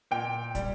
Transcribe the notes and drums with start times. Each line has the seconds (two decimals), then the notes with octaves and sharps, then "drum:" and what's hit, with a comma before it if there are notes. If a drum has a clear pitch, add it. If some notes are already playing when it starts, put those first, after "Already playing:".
0.11 A#2 G5
0.55 G3, drum: kick, hi-hat